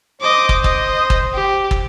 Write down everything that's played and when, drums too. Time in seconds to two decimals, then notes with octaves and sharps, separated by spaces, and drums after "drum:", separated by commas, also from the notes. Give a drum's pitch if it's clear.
0.22 C5 D#5 D6
0.49 drum: kick
0.64 D#5, drum: kick
1.10 drum: kick
1.34 G4
1.71 drum: kick